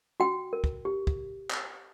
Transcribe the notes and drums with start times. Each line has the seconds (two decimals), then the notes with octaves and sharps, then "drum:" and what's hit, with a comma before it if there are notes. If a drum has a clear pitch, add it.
0.20 F#4 G5
0.53 A#4
0.64 drum: kick
0.85 G4
1.07 drum: kick
1.51 drum: clap